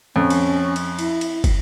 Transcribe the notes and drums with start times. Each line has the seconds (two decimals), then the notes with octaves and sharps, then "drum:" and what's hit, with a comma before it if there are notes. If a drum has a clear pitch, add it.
0.16 F2 C#4
0.30 drum: cymbal
0.76 drum: cymbal
0.99 E4, drum: cymbal
1.21 drum: cymbal
1.44 drum: kick, cymbal